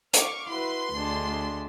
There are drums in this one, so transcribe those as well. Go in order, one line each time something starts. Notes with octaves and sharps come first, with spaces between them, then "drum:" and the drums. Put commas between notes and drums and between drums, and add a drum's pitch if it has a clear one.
F5 C#6 D6, drum: hi-hat
E4 F#4 B4 C6
D2 G#3 D4